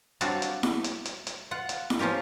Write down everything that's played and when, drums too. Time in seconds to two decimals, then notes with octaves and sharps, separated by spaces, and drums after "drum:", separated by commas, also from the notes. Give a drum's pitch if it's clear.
0.21 F#3 G3 C4 D4 F4 F#4, drum: hi-hat
0.42 drum: hi-hat
0.63 drum: snare E4
0.84 drum: hi-hat
1.05 drum: hi-hat
1.27 drum: hi-hat
1.51 F4 F#5
1.69 drum: hi-hat
1.90 drum: snare E4
1.99 F3 C#4 F4 G4 A#4